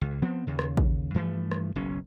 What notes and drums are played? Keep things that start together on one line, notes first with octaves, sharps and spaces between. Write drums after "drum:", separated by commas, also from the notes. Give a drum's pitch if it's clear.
C#2
F3 B3 C4
D#2 C#3
drum: rim click
drum: kick
G2 E3 F3 A3
drum: rim click
F#1 B1 C#4